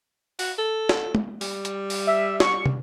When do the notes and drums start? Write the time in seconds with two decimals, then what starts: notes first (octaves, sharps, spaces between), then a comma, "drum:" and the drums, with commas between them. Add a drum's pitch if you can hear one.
0.39 F#4, drum: open hi-hat
0.58 A4
0.89 drum: snare
1.15 drum: tom
1.41 G3, drum: open hi-hat
1.65 drum: hi-hat
1.90 drum: open hi-hat
2.07 E5
2.40 C#6, drum: snare
2.66 drum: tom